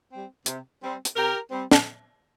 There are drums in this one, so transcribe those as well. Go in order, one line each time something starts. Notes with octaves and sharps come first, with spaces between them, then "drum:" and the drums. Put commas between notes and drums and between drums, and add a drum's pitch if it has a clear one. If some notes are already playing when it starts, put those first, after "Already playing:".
G3 C4
C3, drum: hi-hat
G3 C4
drum: hi-hat
C3 G4 A#4
G3 C4
drum: snare